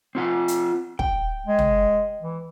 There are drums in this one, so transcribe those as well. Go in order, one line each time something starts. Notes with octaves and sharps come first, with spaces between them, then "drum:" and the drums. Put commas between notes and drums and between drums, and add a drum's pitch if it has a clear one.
C4 F4 F#5
drum: hi-hat
G5, drum: kick
G#3
drum: tom
E3